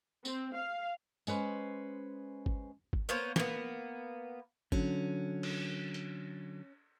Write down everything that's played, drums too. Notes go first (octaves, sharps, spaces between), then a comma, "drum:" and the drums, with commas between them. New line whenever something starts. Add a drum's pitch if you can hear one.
C4, drum: tambourine
F5
G#3 C#4 B4 C5, drum: tambourine
drum: kick G#1
drum: kick G#1
A#3 B3 C5 C#5
A#3 B3, drum: snare
D3 F#3 C#4, drum: kick G#1
drum: cymbal
drum: hi-hat